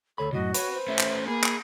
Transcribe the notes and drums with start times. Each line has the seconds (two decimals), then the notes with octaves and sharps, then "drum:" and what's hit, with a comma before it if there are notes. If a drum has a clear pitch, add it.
0.18 D2 A4 C#5 B5
0.33 F#2 A2 C#3 F#4 D#5
0.54 B4 C#5, drum: hi-hat
0.73 C5
0.88 A3 C#4 E5
0.99 drum: clap
1.28 A#3 G#4 B5
1.43 drum: clap